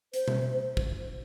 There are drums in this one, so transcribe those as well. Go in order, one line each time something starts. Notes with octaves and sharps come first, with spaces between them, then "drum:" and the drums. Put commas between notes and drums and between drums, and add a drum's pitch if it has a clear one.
C5, drum: hi-hat
drum: tom B2
drum: kick